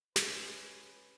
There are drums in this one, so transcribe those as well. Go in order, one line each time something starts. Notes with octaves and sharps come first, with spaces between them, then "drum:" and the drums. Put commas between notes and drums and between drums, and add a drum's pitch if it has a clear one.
G#3 C#4 B4, drum: snare